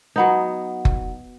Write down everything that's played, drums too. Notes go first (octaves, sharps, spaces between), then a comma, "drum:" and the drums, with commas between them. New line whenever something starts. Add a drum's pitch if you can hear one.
F#3 B3 D#4
drum: kick F#1